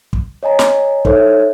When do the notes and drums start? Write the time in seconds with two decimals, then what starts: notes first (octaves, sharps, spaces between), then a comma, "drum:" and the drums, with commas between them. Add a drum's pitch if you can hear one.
0.13 drum: kick
0.43 C#5 D#5 G#5 A#5
0.59 drum: snare
1.05 D#4 A4 C5 C#5 E5, drum: kick